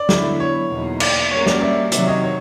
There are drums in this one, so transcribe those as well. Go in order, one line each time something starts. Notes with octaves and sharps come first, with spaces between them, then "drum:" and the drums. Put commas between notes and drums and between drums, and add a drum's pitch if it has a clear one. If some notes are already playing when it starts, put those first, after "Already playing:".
Already playing: D5
D3 F#3 B3 E4, drum: snare
C#5
E2 B2 F#3 A#3 D#4
D5, drum: cymbal
G3 A#3 C#4 F#4 A#4 C#5
D5, drum: snare
D5 E5
C3 D#3 F#3 D5 E5, drum: hi-hat
C#5 D#5
C#5